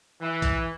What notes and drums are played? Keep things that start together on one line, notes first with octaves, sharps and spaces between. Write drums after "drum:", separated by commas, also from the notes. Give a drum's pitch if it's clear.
E3
drum: kick, hi-hat